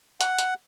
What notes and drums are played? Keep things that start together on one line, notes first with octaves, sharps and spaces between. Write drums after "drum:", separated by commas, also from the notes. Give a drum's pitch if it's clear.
F#5, drum: hi-hat
drum: hi-hat